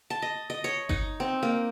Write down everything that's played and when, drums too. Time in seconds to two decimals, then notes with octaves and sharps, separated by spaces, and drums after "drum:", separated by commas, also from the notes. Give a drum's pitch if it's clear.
0.10 A5
0.22 D#5
0.50 D#5
0.64 C#5
0.89 D#4, drum: kick G1
1.20 C4
1.43 A#3